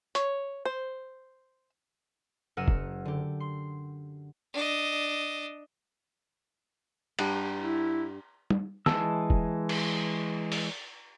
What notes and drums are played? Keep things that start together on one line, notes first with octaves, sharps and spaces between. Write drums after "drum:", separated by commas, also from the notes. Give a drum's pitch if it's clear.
C#5, drum: hi-hat
C5
F#1 A#4 F#5 E6 D#7
drum: kick
D3 G4
C6
D4 D#5
G2 F#5, drum: cymbal
E4
drum: tom
E3 G#3 A5 E6, drum: snare
drum: kick
drum: cymbal
drum: open hi-hat